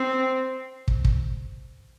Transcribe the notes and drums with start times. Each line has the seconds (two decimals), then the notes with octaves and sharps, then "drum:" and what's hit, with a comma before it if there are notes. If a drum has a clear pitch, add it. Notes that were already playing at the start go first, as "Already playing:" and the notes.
Already playing: C4
0.88 drum: kick
1.05 drum: kick